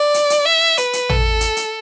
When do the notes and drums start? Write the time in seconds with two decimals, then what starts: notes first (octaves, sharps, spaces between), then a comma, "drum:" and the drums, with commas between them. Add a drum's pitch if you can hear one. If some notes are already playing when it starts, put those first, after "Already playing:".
Already playing: D5
0.14 drum: hi-hat
0.30 drum: hi-hat
0.46 E5
0.78 B4, drum: hi-hat
0.93 drum: hi-hat
1.09 A4, drum: tom
1.41 drum: hi-hat
1.56 drum: hi-hat